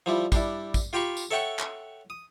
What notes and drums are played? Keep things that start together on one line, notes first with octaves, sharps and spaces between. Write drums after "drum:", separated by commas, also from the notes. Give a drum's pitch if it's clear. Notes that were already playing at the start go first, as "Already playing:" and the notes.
F3 G3 E4
G3 D4 E4, drum: kick, tambourine
drum: kick, tambourine
F4 G4 G5 A#5 B5 C#6
drum: tambourine
A4 C#5 E5 F#5 G5 C#6
drum: clap
D#6